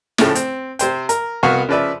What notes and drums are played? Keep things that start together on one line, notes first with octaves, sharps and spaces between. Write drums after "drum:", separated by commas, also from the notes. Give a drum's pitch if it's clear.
A2 C#3 F3 A3 E4, drum: snare
C4, drum: hi-hat
C3 C5 G5, drum: hi-hat
A#4, drum: hi-hat
C2 B3 F#4 F5 C#6
C#3 F3 B4 D5 E5